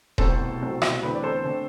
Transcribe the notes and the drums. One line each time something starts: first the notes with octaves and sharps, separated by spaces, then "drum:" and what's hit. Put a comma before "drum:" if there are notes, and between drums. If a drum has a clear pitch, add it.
C2 B2 F#3 A3 C4 A4 C5, drum: kick D#1
C2 B2 F#3 A3 C4
drum: rim click
E2 D3 A3 C4 B4
D5
A4 C5
D3 A3 C4